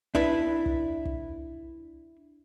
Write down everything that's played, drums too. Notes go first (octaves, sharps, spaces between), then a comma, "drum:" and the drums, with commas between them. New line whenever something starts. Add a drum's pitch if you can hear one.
D4 E4 B4, drum: kick
drum: kick
drum: kick